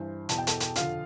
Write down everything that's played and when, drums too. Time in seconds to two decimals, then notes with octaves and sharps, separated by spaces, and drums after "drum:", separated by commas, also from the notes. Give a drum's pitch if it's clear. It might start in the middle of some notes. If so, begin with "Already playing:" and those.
Already playing: G2 E3 C5
0.29 E2 B2 A5, drum: hi-hat
0.38 G5
0.47 A4 A5, drum: hi-hat
0.60 drum: hi-hat
0.76 F2 D3 F4 F5, drum: hi-hat